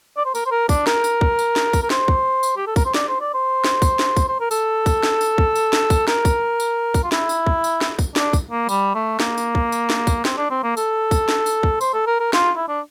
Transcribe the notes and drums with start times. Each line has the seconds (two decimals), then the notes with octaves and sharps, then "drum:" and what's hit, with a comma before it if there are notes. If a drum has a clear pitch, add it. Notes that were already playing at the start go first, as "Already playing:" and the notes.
0.17 D5
0.25 C5
0.35 A#4, drum: tambourine
0.46 C5
0.51 A#4
0.69 D4, drum: kick, tambourine
0.87 A#4, drum: snare
1.04 drum: tambourine
1.21 drum: kick
1.39 drum: tambourine
1.56 drum: snare
1.73 drum: kick, tambourine
1.83 A#4
1.90 C5, drum: snare
2.08 drum: kick
2.43 drum: tambourine
2.57 G4
2.67 A4
2.76 A#4, drum: kick, tambourine
2.85 C5
2.94 D5, drum: snare
3.08 C5
3.21 D5
3.34 C5
3.64 drum: snare
3.82 drum: kick, tambourine
3.99 drum: snare
4.17 drum: kick, tambourine
4.29 C5
4.40 A#4
4.51 A4, drum: tambourine
4.86 drum: kick, tambourine
5.03 drum: snare
5.21 drum: tambourine
5.38 drum: kick
5.55 drum: tambourine
5.73 drum: snare
5.90 drum: kick, tambourine
6.08 A#4, drum: snare
6.25 drum: kick, tambourine
6.60 drum: tambourine
6.94 drum: kick, tambourine
7.04 F4
7.12 E4, drum: snare
7.29 drum: tambourine
7.46 drum: kick
7.64 drum: tambourine
7.81 drum: snare
7.99 drum: kick, tambourine
8.16 D4, drum: snare
8.33 drum: kick, tambourine
8.51 A#3
8.69 G3, drum: tambourine
8.95 A3
9.20 A#3, drum: snare
9.38 drum: tambourine
9.55 drum: kick
9.72 drum: tambourine
9.90 drum: snare
10.07 drum: kick, tambourine
10.25 C4, drum: snare
10.37 D4
10.50 C4
10.63 A#3
10.77 A4, drum: tambourine
11.11 drum: kick, tambourine
11.29 drum: snare
11.46 drum: tambourine
11.63 drum: kick
11.81 C5, drum: tambourine
11.94 A4
12.07 A#4
12.20 A#4
12.33 F4, drum: snare
12.57 E4
12.68 D4